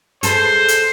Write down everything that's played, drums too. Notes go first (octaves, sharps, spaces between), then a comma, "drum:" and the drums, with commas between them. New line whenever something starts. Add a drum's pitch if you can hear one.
G#4 A4 B4 C5, drum: hi-hat
drum: hi-hat